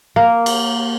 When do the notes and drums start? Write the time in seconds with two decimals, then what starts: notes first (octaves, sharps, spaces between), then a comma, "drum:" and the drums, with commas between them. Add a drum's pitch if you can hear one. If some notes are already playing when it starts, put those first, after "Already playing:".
0.16 A#3
0.46 drum: cymbal